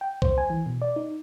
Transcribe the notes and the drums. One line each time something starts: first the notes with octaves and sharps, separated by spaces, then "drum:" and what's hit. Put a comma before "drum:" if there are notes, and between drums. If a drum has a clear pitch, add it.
G5
C5, drum: kick B1
G#5
E3
B2
D5
D#4